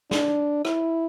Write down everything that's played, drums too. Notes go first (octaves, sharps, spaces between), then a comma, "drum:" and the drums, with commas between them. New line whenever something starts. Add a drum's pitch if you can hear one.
D4, drum: snare
E4, drum: rim click